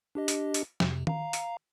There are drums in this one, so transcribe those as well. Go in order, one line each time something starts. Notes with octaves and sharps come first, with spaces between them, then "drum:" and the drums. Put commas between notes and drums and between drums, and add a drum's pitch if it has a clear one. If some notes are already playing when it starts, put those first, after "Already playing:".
D4 G4 D#5
drum: hi-hat
drum: hi-hat
F2 C3, drum: snare
F5 A#5, drum: tom D#3
drum: hi-hat